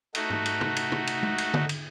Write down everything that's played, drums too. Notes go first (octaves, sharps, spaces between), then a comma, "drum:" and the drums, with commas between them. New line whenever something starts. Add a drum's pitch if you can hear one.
A3 D#4 F#4, drum: cymbal
drum: tom G#2
drum: cymbal
drum: tom
drum: cymbal
drum: tom
drum: cymbal
drum: tom G#3
drum: cymbal
drum: tom
drum: cymbal